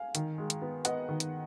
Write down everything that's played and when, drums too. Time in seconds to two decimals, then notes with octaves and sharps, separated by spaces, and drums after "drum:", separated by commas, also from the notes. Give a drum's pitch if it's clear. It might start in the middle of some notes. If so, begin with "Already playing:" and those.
Already playing: F5 G#5
0.15 D#3, drum: hi-hat
0.38 G#3
0.50 drum: hi-hat
0.62 B3
0.85 B3 D#5 F#5, drum: hi-hat
1.09 D#3
1.20 drum: hi-hat